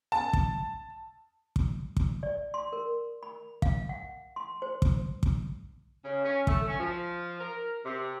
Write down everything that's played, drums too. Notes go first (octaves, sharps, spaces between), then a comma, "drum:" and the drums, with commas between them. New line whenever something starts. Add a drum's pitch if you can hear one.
A5
drum: kick
drum: kick
drum: kick
D5
C6
A#4
B5
F5, drum: kick
F#5
C6
C5
drum: kick
drum: kick
C#3
C#4
A3, drum: kick
C#4
F3
A#4
C3